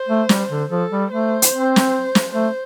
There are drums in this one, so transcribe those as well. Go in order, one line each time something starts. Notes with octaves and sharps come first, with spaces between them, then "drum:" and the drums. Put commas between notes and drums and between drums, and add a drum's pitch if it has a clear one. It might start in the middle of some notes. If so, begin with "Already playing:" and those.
Already playing: C5
A3
G3, drum: snare
D3
F3 A4
G3
A3 C5
drum: hi-hat
C4
drum: snare
drum: snare
A3 C5